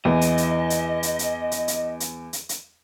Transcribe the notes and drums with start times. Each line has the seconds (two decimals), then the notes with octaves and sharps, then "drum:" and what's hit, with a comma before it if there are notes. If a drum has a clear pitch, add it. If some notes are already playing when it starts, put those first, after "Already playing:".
0.05 E2 E3 D#5
0.21 drum: hi-hat
0.38 drum: hi-hat
0.70 drum: hi-hat
1.03 drum: hi-hat
1.19 drum: hi-hat
1.51 drum: hi-hat
1.68 drum: hi-hat
2.00 drum: hi-hat
2.33 drum: hi-hat
2.49 drum: hi-hat